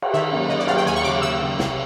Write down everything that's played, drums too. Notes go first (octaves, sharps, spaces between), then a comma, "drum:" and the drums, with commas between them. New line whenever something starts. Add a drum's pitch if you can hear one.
drum: cymbal
D#3 E5
F#3 A#3 C#4
D#3 D#5
D5
F#3 A#3 C#4 F5, drum: cymbal
G5
D#2 G#5
C#6
C#3 F#3 D6
D#2 E6
C#3 F#3
C2, drum: snare